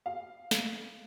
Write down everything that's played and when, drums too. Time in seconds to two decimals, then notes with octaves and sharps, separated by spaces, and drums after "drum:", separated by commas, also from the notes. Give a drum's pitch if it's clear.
0.06 F5
0.51 drum: snare